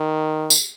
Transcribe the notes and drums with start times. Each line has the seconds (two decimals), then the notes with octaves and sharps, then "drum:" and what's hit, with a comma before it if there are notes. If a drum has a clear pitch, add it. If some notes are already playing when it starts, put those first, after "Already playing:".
Already playing: D#3
0.50 drum: tambourine